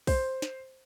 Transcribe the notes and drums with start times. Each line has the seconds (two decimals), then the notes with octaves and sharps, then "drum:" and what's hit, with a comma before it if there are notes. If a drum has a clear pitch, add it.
0.07 C5, drum: kick B1, open hi-hat
0.42 drum: snare